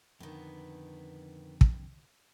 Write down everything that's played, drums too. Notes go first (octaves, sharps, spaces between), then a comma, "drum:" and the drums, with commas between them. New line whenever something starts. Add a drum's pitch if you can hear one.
F2 D3 D#3 B3
drum: kick